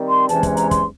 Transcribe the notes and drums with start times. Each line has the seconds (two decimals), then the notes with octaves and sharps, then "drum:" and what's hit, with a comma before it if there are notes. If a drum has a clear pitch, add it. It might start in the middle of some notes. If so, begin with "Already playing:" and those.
Already playing: D#3 G3 C4
0.10 C6
0.29 E2 C3 E3 G#3 C#4 A5, drum: hi-hat
0.43 drum: kick, hi-hat
0.57 A#5, drum: hi-hat
0.71 C6, drum: kick, hi-hat